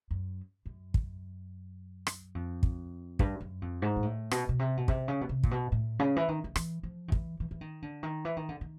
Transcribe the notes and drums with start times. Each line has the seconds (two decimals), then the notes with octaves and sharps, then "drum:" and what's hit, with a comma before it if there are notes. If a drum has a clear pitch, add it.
0.11 F#2
0.66 F#2
0.94 drum: kick
2.07 drum: rim click
2.35 F2
2.63 drum: kick
3.19 G2, drum: kick
3.41 F#2
3.62 F2
3.82 G#2
3.96 A#2
4.03 A2
4.31 B2, drum: rim click
4.49 B2
4.59 C3
4.77 B2
4.88 C3, drum: kick
5.08 C#3
5.21 B2
5.29 C3
5.43 A#2, drum: kick
5.51 B2
5.72 A2
5.99 C#3
6.16 E3
6.28 D#3
6.44 D#3
6.56 E3, drum: rim click
6.83 F3
7.08 D#3
7.12 E3, drum: kick
7.40 E3
7.51 E3
7.61 D#3
7.82 D3
8.03 D#3
8.25 E3
8.37 D#3
8.49 D3
8.61 D#3